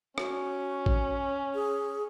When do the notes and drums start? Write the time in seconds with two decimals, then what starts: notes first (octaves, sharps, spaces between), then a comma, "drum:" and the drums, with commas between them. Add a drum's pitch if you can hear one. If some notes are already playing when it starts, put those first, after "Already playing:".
0.18 C#4 F#4, drum: rim click
0.86 drum: kick A1
1.55 G#4